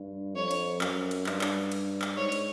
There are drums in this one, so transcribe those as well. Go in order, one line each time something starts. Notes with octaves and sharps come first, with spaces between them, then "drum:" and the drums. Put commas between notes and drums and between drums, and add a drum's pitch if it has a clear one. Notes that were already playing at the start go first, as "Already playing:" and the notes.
Already playing: G2
F2 C#5
drum: cymbal
F#2, drum: clap
drum: cymbal
G2, drum: clap
drum: clap
drum: cymbal
drum: clap
G#2 C#5
drum: cymbal